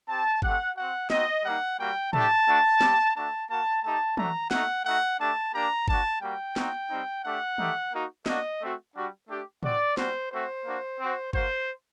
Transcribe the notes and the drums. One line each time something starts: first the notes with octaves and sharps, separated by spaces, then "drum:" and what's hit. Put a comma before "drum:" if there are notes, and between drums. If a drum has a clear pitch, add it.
C4 G4 A5
A3 C4 G4 F#5, drum: kick G1
C4 F#4 F#5
C4 D#4 F#4 D#5, drum: snare
G3 A#3 D#4 F#5
G3 A#3 F#4 G5
A3 D4 G4 A5, drum: tom
A3 D4 F#4
G3 C4 G4, drum: snare
A3 D4 F#4 A5
A#3 F#4 A5
A3 D#4 G4 A5
A3 D4 F#4 A#5, drum: tom
A3 D#4 F#4 F#5, drum: snare
A3 D#4 F#4 F#5
A3 D4 G4 A5
A#3 D4 G4 A#5
A#3 D4 F#4 A5, drum: kick G1
G3 A#3 F#4 G5
C4 D#4 F#4, drum: snare
G3 C4 D#4
A3 D4 G4 F#5
A3 D#4 G4, drum: tom
A#3 D#4 F#4
A#3 D4 F#4 D#5, drum: snare
A3 C4 F#4
G3 D4 F#4
A3 D4 G4
C4 F#4 D5, drum: tom
G3 D4 F#4 C5, drum: snare
A3 C4 F#4 C5
A#3 D4 F#4
C4
F#4
A#3 F#4 C5, drum: kick G1